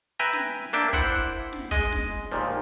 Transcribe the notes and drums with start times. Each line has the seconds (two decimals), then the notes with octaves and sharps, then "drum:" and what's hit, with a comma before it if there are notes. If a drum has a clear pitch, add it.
0.19 B4 E5 G5 G#5 A#5
0.33 drum: snare
0.73 A#3 D4 E5 G5 A5
0.93 E4 C5 F#5, drum: kick
1.53 drum: snare
1.71 G#3 D#5, drum: kick
1.92 drum: snare
2.32 D#2 A#2 F3